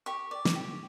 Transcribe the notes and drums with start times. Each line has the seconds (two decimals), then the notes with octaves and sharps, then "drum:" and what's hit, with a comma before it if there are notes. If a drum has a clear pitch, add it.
0.06 G4 C#6
0.31 D5
0.45 drum: snare
0.55 G4